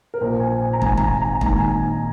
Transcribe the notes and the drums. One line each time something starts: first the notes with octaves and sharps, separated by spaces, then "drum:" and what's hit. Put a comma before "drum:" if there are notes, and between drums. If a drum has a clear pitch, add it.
A#4
A#1 A#2 C5
G#5
G#5
A#5
G#1 G#2 D#3 G#5, drum: kick
A#5, drum: kick
G#5
A#5
G#5
A#1 G#2 D#3 A#5, drum: kick
G#5